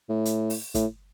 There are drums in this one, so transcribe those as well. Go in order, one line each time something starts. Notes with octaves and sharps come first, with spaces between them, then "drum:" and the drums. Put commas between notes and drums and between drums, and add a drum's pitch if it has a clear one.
A2
drum: hi-hat
drum: open hi-hat
A2, drum: kick, hi-hat